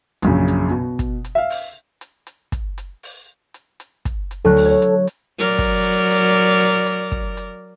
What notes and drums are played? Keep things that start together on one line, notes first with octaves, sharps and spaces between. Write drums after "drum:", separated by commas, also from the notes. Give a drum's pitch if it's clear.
A#1 F#2 C#3, drum: hi-hat
drum: hi-hat
B2
drum: kick, hi-hat
drum: hi-hat
E5 F5
drum: open hi-hat
drum: hi-hat
drum: hi-hat
drum: kick, hi-hat
drum: hi-hat
drum: open hi-hat
drum: hi-hat
drum: hi-hat
drum: kick, hi-hat
drum: hi-hat
D2 F#3 A4 F#6
drum: open hi-hat
C#5
drum: hi-hat
drum: hi-hat
F#3 A#4 D5
drum: kick, hi-hat
drum: hi-hat
drum: open hi-hat
drum: hi-hat
drum: hi-hat
drum: hi-hat
drum: kick
drum: hi-hat